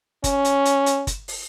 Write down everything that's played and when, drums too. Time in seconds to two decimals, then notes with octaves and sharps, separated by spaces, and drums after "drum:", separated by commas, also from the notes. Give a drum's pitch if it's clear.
0.24 C#4, drum: kick, hi-hat
0.45 drum: hi-hat
0.65 drum: hi-hat
0.86 drum: hi-hat
1.07 drum: kick, hi-hat
1.28 drum: open hi-hat